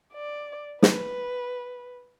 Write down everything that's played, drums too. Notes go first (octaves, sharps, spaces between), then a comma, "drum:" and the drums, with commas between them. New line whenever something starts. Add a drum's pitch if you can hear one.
D5
B4, drum: snare